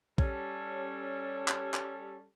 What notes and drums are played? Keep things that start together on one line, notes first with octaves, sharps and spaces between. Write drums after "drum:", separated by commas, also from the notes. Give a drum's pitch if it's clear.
G3 C#4 A4, drum: kick
drum: clap
drum: clap